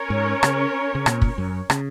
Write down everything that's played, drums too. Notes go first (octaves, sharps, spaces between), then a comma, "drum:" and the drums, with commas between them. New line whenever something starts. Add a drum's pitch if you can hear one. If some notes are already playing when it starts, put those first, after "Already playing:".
Already playing: C#4 A#4 C#5
G#2
C#3, drum: rim click
C#3
A#2, drum: rim click
drum: kick
F#2
C#3, drum: rim click